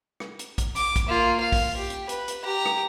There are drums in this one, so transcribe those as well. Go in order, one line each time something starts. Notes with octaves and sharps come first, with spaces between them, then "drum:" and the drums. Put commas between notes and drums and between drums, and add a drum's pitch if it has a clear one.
drum: rim click
drum: hi-hat
drum: kick, hi-hat
D6, drum: hi-hat
drum: kick, hi-hat
A#3 F4
F5
drum: kick, open hi-hat
G4
drum: hi-hat
B4, drum: hi-hat
drum: hi-hat
G4 A#5
drum: rim click